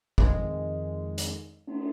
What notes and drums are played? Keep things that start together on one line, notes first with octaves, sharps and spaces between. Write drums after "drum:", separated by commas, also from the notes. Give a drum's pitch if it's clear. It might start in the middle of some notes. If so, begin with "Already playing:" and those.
F2 D#3 G#3, drum: kick
drum: hi-hat
drum: cymbal